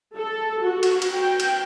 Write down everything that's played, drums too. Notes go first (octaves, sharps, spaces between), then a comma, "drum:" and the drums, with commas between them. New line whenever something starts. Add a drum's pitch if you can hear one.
A4
F#4
drum: cymbal
drum: cymbal
G5
drum: cymbal